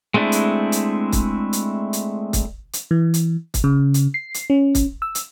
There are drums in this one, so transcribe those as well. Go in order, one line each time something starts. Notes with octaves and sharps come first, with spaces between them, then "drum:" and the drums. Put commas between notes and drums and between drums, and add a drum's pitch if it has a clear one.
G#3 A3 C4 D4 E4
drum: hi-hat
drum: hi-hat
drum: kick, hi-hat
drum: hi-hat
drum: hi-hat
drum: kick, hi-hat
drum: hi-hat
E3
drum: hi-hat
drum: kick, hi-hat
C#3
drum: hi-hat
C7
drum: hi-hat
C#4
drum: kick, hi-hat
E6
drum: hi-hat